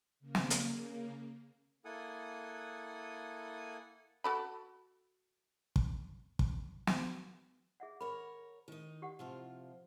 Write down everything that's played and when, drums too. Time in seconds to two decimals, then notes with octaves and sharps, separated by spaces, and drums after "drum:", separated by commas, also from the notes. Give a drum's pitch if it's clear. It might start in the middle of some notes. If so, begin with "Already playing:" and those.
0.20 C#3 A#3
0.35 drum: snare
0.50 drum: hi-hat
1.85 A#3 E4 A4 F#5 G#5 D#6
4.24 F#4 A4 B5
5.76 drum: kick
6.39 drum: kick
6.87 drum: snare
7.80 G#4 E5 F#5
8.01 A#4 C#5 B5
8.68 D#3 D#4
9.02 G4 F#5
9.19 C3 F3 F4